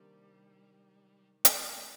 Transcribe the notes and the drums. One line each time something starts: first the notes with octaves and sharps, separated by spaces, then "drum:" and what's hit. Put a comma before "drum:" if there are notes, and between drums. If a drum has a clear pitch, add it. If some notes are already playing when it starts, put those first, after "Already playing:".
Already playing: C3 D#3 G3 A#3 D4
A#2 G3 A3 A#3 D#4 G4, drum: hi-hat